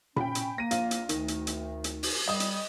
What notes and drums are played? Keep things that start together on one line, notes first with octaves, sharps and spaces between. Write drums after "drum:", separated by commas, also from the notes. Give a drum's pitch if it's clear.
C#4 G5 B5, drum: tom A#2
drum: hi-hat
A#3 A#6 D#7
A#1 F4, drum: hi-hat
drum: hi-hat
D2 D#3, drum: hi-hat
drum: hi-hat
drum: hi-hat
drum: hi-hat
drum: open hi-hat
G3 D#5 D#6
drum: hi-hat